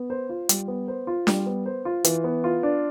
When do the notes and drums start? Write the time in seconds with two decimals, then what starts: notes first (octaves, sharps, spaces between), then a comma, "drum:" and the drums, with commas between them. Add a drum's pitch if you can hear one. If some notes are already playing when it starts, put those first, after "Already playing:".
Already playing: B3
0.10 C5
0.29 F4
0.49 G3, drum: hi-hat
0.68 B3
0.88 C5
1.07 F4
1.27 G3, drum: snare D4
1.46 B3
1.66 C5
1.85 F4
2.04 E3, drum: hi-hat
2.24 B3
2.44 F4
2.63 D4